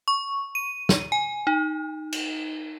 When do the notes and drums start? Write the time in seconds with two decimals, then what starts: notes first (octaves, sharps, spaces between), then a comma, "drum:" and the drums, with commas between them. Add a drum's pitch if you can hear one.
0.08 C#6
0.55 D#7
0.89 drum: snare
1.12 G#5
1.47 D#4
2.13 drum: cymbal